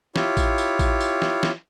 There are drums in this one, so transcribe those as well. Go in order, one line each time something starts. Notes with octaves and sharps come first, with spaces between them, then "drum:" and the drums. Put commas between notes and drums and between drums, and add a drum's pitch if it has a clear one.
E4 F4 G4 C#5 B5, drum: snare
drum: kick A1, tambourine
drum: tambourine
drum: kick A1, tambourine
drum: tambourine
drum: snare
drum: snare